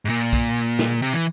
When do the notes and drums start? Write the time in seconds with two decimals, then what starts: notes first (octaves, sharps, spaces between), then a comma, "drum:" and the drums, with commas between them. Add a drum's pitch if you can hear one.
0.05 G#2
0.09 A#2, drum: tambourine
0.33 drum: kick, tambourine
0.56 drum: tambourine
0.79 drum: snare
1.02 C3, drum: tambourine
1.13 E3